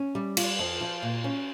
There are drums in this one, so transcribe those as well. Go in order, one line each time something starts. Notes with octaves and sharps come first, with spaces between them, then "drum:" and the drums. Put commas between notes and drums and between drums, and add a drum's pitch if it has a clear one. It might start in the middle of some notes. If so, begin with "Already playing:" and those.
Already playing: C#4
G3
F4, drum: cymbal
F2
F3
A#2
C#4